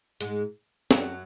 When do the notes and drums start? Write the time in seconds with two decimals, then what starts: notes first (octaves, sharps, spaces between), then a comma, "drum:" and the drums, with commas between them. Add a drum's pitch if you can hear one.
0.21 G#2 G#3, drum: hi-hat
0.91 F#2 F#3, drum: snare